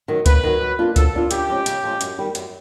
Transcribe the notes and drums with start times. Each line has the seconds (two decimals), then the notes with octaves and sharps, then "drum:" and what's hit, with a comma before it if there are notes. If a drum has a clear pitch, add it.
0.08 D#3 F#3
0.26 D#2 B4, drum: kick C#2, hi-hat
0.43 D#3 F#3
0.61 F#3
0.79 A#3 D4 F4
0.96 F#3 A4, drum: kick C#2, hi-hat
1.14 A#3 D4 F4
1.31 C#3 G4, drum: hi-hat
1.48 F3 G#3 C#4
1.66 C#3, drum: hi-hat
1.83 F3 G#3 C#4
2.01 F#2, drum: hi-hat
2.18 D#3 G3
2.35 F#2, drum: hi-hat